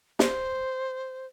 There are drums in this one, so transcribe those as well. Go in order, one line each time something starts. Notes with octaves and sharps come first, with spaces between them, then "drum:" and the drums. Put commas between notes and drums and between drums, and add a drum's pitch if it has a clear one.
C5, drum: snare